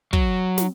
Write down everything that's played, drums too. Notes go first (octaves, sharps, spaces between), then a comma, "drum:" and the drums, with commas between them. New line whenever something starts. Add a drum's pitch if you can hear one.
F#3, drum: kick
drum: snare